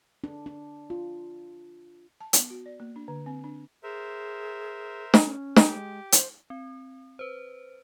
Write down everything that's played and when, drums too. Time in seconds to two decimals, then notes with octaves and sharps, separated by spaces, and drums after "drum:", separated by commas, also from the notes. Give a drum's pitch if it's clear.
0.24 D4
0.46 D4
0.90 F4
2.21 A5
2.33 B3, drum: hi-hat
2.50 F#4
2.66 D5
2.80 A#3
2.96 D4
3.08 D3
3.26 C4
3.44 D4
3.83 G#4 A#4 C5 E5
5.14 drum: snare
5.24 C#4
5.56 G4, drum: snare
5.74 G#3
6.12 C5, drum: hi-hat
6.50 C4
7.19 B4 C5